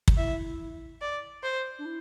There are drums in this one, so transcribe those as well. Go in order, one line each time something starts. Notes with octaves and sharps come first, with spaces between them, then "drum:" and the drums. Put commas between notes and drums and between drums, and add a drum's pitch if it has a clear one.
drum: kick
E4 E5
D5
C5
D4
E4